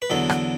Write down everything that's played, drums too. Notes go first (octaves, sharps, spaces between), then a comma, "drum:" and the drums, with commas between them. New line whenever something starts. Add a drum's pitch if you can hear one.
B4
E2 D3 F#3 A4
drum: rim click